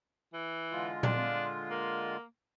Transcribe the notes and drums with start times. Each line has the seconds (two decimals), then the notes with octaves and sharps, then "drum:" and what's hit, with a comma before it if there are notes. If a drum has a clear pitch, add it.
0.34 E3
0.72 D3 G#3 F4
1.03 D4, drum: tom A#2
1.70 A#3